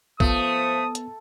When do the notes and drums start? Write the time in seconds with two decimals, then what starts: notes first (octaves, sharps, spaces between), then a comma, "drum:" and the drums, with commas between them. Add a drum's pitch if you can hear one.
0.20 F3 A3 B3 D#6, drum: kick
0.95 drum: hi-hat